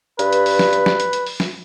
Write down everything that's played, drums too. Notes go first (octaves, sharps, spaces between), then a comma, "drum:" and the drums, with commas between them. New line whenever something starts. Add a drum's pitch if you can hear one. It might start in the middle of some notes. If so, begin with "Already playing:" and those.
G2 B4, drum: hi-hat
drum: hi-hat
drum: open hi-hat
drum: snare
drum: hi-hat
drum: snare
drum: hi-hat
drum: hi-hat
drum: open hi-hat
drum: snare